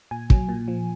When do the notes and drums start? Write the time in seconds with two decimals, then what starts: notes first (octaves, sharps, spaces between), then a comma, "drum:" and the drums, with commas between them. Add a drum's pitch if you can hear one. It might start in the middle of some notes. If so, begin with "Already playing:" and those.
0.11 A#2 G#5
0.30 F#3, drum: kick
0.49 A#2
0.68 F3